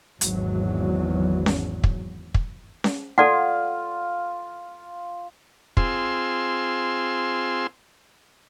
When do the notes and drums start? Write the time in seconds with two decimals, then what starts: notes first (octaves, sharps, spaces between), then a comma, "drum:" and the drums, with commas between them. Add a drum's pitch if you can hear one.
0.21 G#1 E2 F#3, drum: hi-hat
1.46 drum: snare C#4
1.84 drum: kick
2.34 drum: kick
2.84 drum: snare C#4
3.18 F4 A4 D5 F#5
5.77 C4 F4 G#4 C6 E6, drum: kick